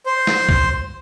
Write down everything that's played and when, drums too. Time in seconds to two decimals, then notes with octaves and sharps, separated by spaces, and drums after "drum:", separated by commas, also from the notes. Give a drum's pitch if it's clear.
0.06 C5
0.27 drum: snare
0.49 drum: kick